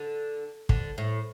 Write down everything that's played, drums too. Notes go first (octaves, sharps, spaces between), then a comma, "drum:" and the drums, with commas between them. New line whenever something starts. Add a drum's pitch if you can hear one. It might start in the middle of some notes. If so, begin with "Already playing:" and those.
Already playing: D3
D3, drum: kick
A2